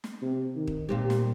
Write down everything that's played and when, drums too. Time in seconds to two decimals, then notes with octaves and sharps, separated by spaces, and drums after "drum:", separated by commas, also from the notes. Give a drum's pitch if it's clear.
0.04 drum: snare
0.22 C3
0.55 D#3
0.67 drum: kick
0.89 A#2 G3 C4 G4
1.10 drum: snare